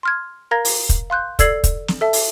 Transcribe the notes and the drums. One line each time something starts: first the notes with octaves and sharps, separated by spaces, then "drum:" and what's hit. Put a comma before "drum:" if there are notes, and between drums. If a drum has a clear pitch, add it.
C6 F6 G#6
A#4 F5 A#5 G#6 A#6
drum: open hi-hat
drum: kick, hi-hat
F5 C6 F#6 G6
A4 D5 E6 G#6 C7 F#7, drum: kick, hi-hat
drum: kick, hi-hat
drum: snare
A4 E5 A5
drum: open hi-hat